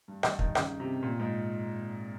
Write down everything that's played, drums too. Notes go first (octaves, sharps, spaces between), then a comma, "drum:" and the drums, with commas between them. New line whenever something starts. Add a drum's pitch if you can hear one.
G2
G2, drum: rim click
D#3, drum: kick
C#3, drum: rim click
C3
A#2
G#2